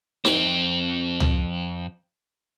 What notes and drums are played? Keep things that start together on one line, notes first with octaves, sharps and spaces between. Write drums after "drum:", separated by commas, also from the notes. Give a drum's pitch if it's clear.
F2 C4, drum: snare D#4
drum: tom C#2